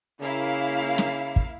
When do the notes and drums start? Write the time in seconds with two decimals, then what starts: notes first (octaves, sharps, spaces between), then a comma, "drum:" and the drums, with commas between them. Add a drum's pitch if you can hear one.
0.22 C#3 A#3 E4 F5
0.98 drum: snare
1.36 drum: kick